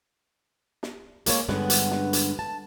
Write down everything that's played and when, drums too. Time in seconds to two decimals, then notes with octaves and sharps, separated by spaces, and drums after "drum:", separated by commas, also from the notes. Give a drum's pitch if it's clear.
0.83 drum: snare
1.26 G#3 A#3 C#5, drum: hi-hat
1.49 G2 D3 G#3 B3 C#4 F#5, drum: snare
1.70 drum: hi-hat
1.91 drum: snare
2.13 drum: hi-hat
2.39 A5